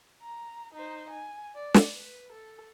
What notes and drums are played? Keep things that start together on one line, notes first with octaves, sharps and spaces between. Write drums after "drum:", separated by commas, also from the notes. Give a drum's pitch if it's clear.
A#5
D#4 C5
G#5
D5
drum: snare
B4
A4